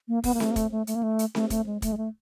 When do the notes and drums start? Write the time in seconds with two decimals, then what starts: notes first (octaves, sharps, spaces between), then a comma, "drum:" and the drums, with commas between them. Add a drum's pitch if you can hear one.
0.08 A#3
0.24 B3, drum: kick, open hi-hat
0.34 A#3
0.40 A3, drum: snare C4
0.51 A#3
0.56 A3, drum: kick, hi-hat
0.72 A3
0.87 A3, drum: hi-hat
0.95 A#3
1.03 A3
1.19 drum: hi-hat
1.35 A3, drum: snare C4
1.50 A3, drum: kick, hi-hat
1.66 G#3
1.82 A3, drum: kick, hi-hat
1.93 G#3
1.97 A3